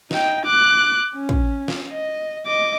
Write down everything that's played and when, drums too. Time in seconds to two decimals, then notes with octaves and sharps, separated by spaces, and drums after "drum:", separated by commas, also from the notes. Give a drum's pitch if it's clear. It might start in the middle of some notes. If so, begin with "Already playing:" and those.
0.11 D#4 G5, drum: snare
0.46 D6 F#6
1.15 C#4
1.29 drum: kick
1.68 drum: snare
1.92 D#5
2.47 D#5 D6